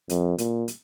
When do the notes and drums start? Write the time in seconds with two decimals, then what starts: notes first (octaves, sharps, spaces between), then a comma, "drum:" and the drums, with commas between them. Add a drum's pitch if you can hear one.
0.09 F2, drum: hi-hat
0.38 A#2, drum: hi-hat
0.68 drum: hi-hat